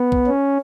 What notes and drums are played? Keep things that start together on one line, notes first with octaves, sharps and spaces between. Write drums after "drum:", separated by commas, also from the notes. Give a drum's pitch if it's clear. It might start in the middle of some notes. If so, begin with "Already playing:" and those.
Already playing: B3
drum: kick B1
C#4